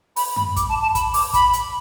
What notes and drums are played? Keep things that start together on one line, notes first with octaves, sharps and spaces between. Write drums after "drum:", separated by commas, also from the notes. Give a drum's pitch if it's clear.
B5, drum: open hi-hat
B5, drum: tom F#2
D6, drum: kick, hi-hat
A5
A5
B5, drum: kick, hi-hat
D6, drum: open hi-hat
B5, drum: kick, hi-hat
drum: hi-hat